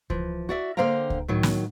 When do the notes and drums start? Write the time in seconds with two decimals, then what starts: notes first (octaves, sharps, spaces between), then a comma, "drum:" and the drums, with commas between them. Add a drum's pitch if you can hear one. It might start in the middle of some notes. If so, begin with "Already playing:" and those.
0.10 E3 F3, drum: kick C#2
0.49 F#4 D5 E5
0.77 D3 A#3 C5 F5 G5 A#5
1.10 drum: kick C#2
1.28 A2 D#3 F#3
1.43 drum: snare